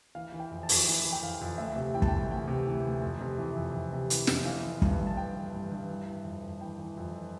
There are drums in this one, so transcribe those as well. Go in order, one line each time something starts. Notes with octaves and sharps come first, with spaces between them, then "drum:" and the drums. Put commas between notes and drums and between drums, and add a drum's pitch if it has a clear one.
E3 F5
E3
G5
F2
A5
F2, drum: open hi-hat
E3
E3
G5
F2 F5
F2
D2 E5
C3
E3 G5
A5, drum: kick
G5
D2
D2 G5
C3
E3
D2
F2
C3
E3
F2
F2
C3
E3, drum: hi-hat
F2, drum: snare
E3 F5
E3
G2, drum: kick
G2
A5
E3 G5
E3
G2
G2
E3
E3
F2
F2
E3 G5
E3
F2